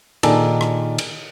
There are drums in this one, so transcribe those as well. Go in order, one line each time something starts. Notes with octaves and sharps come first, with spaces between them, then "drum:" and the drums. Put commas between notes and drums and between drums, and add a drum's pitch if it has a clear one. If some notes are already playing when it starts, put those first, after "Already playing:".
A#2 D#3 D4 D#4 G#4 A4, drum: cymbal
drum: rim click
drum: cymbal